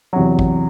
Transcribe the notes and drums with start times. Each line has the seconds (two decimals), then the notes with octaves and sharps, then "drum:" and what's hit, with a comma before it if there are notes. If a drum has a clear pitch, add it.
0.13 E2 C3 F#3
0.39 drum: kick A1